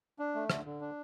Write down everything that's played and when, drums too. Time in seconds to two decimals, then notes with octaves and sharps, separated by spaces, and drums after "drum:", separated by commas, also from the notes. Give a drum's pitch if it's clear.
0.19 D4
0.35 A3
0.50 D3, drum: rim click
0.65 D3
0.81 D4